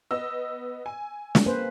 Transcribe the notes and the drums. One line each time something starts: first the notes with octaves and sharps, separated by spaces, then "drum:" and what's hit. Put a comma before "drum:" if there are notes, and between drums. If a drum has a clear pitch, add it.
B3 D#5 E6
G#5
drum: snare
A#3 B4 C5